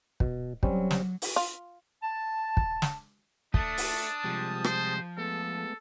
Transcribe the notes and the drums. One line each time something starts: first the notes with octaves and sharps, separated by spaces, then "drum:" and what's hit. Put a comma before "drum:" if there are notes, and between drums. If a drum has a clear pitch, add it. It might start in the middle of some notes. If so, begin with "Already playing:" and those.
B2, drum: kick
F#3 G3 C4 C#4, drum: kick
drum: snare
drum: open hi-hat
F4
A5
drum: kick
drum: snare
A3 D4 A5 D#6, drum: kick
drum: open hi-hat
C3 F3 G3 G#3
C5, drum: rim click
G#3 A3 B3 A4